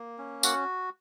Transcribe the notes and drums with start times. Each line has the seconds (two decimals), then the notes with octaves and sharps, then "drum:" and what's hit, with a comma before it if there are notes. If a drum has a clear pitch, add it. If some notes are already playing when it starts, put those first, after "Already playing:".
Already playing: A#3
0.18 C#4
0.43 F#4 F#5, drum: tambourine